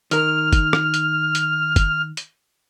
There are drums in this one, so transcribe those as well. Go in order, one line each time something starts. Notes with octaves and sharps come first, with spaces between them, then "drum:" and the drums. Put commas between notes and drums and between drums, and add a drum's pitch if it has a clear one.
D#3 A#4 F6, drum: hi-hat
drum: kick, hi-hat
drum: rim click
drum: hi-hat
drum: hi-hat
drum: kick, hi-hat
drum: hi-hat